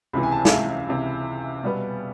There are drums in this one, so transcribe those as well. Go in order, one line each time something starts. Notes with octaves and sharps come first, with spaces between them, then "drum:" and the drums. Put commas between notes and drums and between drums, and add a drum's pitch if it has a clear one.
C#2 C3 E3 B5
G#5
A5
F5, drum: snare
E5
F5
C#2 C3 E3
B2 G3 B3